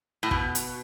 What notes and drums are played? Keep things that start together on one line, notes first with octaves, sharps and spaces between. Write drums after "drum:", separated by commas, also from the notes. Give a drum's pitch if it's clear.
A2
B2, drum: kick
drum: hi-hat